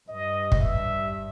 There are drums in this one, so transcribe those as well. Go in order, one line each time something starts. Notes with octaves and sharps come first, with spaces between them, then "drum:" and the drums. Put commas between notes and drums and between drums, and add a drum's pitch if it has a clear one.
G2 D#5
drum: kick
E5